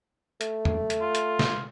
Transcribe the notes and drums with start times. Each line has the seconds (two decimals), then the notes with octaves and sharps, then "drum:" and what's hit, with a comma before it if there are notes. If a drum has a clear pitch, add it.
0.41 A3, drum: hi-hat
0.65 drum: tom
0.90 drum: hi-hat
1.01 F4
1.15 drum: hi-hat
1.39 drum: snare